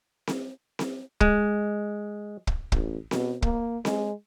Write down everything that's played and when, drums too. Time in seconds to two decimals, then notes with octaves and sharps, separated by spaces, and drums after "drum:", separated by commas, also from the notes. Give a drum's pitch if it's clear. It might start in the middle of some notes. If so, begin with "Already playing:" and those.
0.27 drum: snare C4
0.79 drum: snare C4
1.21 G#3, drum: kick
2.47 drum: kick
2.72 A1, drum: kick
3.11 B2, drum: snare C4
3.42 A#3, drum: kick
3.85 G#3, drum: snare C4